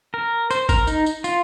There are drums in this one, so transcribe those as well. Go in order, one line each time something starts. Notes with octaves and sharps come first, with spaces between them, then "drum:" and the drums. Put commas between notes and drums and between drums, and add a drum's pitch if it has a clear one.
A#4
C5, drum: tambourine
A#4, drum: kick, tambourine
D#4, drum: tambourine
drum: tambourine
F4, drum: tambourine